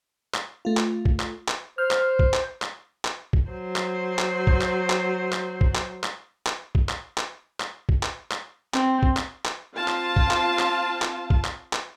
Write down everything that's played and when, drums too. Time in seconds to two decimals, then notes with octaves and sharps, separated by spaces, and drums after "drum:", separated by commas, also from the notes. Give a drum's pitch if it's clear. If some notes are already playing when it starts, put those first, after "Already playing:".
0.34 drum: clap
0.65 A3 F4
0.77 drum: clap
1.05 drum: kick A1
1.20 drum: clap
1.48 drum: clap
1.78 C5 F6
1.91 drum: clap
2.19 drum: kick A1
2.34 drum: clap
2.62 drum: clap
3.05 drum: clap
3.33 drum: kick A1
3.50 F#3 C5
3.76 drum: clap
4.19 drum: clap
4.47 drum: kick A1
4.61 drum: clap
4.90 drum: clap
5.32 drum: clap
5.61 drum: kick A1
5.75 drum: clap
6.04 drum: clap
6.46 drum: clap
6.75 drum: kick A1
6.89 drum: clap
7.18 drum: clap
7.60 drum: clap
7.89 drum: kick A1
8.03 drum: clap
8.31 drum: clap
8.74 C4, drum: clap
9.03 drum: kick A1
9.17 drum: clap
9.45 drum: clap
9.76 C4 F4 F5 A5
9.88 drum: clap
10.16 drum: kick A1
10.31 drum: clap
10.59 drum: clap
11.02 drum: clap
11.30 drum: kick A1
11.45 drum: clap
11.73 drum: clap